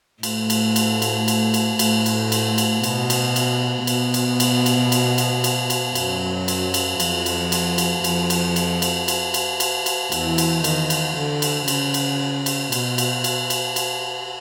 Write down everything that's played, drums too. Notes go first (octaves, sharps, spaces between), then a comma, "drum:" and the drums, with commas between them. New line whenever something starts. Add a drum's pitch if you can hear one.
A2 A3, drum: cymbal
drum: cymbal
drum: cymbal
drum: cymbal
drum: cymbal
drum: cymbal
A2 A3, drum: cymbal
drum: cymbal
drum: cymbal
drum: cymbal
B2 B3, drum: cymbal
drum: cymbal
drum: cymbal
B2 B3, drum: cymbal
drum: cymbal
drum: cymbal
drum: cymbal
drum: cymbal
drum: cymbal
drum: cymbal
drum: cymbal
F#2 F#3, drum: cymbal
drum: cymbal
drum: cymbal
F2 F3, drum: cymbal
drum: cymbal
drum: cymbal
drum: cymbal
F2 F3, drum: cymbal
drum: cymbal
drum: cymbal
drum: cymbal
drum: cymbal
drum: cymbal
drum: cymbal
drum: cymbal
E2 E3, drum: cymbal
drum: cymbal
D#3, drum: cymbal
drum: cymbal
D3
drum: cymbal
C#3, drum: cymbal
drum: cymbal
drum: cymbal
B2, drum: cymbal
drum: cymbal
drum: cymbal
drum: cymbal
drum: cymbal